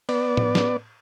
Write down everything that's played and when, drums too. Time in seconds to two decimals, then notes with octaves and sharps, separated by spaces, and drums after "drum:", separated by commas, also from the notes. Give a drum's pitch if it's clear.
0.09 B3 D5, drum: cymbal
0.37 drum: tom A2
0.55 drum: snare